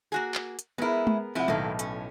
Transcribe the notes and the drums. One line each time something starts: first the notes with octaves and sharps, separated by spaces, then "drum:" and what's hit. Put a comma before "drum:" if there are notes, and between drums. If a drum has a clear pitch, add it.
A#3 F#4 G#4
drum: clap
drum: hi-hat
G#3 B3 E4 G#4 A#4
drum: tom G#3
C3 F3 G#3 E4 F#5
B1 A2 D#3 A#3 E4
C#4, drum: hi-hat